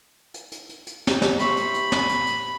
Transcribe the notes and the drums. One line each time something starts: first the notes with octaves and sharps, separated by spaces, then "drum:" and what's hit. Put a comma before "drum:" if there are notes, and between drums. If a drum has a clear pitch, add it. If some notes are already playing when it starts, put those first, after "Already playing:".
drum: hi-hat
drum: hi-hat
drum: hi-hat
drum: hi-hat
G4, drum: snare
drum: snare
C5 E5 B5 C#6, drum: hi-hat
drum: hi-hat
drum: hi-hat
drum: snare
drum: hi-hat
drum: hi-hat